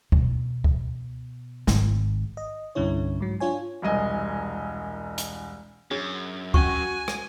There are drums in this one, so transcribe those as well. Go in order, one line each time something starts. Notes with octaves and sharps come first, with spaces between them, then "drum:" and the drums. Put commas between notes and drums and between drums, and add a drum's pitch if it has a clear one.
B2, drum: kick C#2
drum: kick C#2
G#1, drum: snare
D#5
C2 G2 D3 C#4 E4 C#5
G#2 F#3
D4 F4 C#5 G#5
E1 C2 D#5 G#5
drum: hi-hat
F#2 D4 G#4 C#5
C#4 F#4 G#5 C#6, drum: kick C#2
drum: rim click